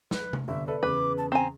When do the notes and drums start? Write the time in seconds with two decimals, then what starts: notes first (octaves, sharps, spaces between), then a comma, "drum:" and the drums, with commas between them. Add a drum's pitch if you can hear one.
0.11 B4, drum: snare
0.33 drum: tom C3
0.48 G1 E5
0.67 A4 B4 D5 E5
0.83 E2 C#3 B4 D6
1.18 A5
1.32 C4 G#5 A#5